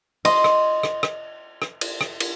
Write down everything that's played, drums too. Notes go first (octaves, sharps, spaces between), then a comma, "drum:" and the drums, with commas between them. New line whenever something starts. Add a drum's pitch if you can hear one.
D#5 C6, drum: cymbal
drum: rim click
drum: rim click
drum: rim click
drum: rim click
drum: cymbal
drum: rim click
drum: cymbal